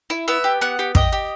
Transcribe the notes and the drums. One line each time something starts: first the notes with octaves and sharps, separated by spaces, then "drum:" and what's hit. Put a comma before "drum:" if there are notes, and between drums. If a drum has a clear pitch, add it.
E4
B3 E5
G4
B3 F#5
G4
G4 D#5, drum: kick
G4